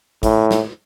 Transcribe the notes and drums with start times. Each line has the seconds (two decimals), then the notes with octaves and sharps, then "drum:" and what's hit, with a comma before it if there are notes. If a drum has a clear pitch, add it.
0.23 A2, drum: kick, hi-hat
0.51 drum: snare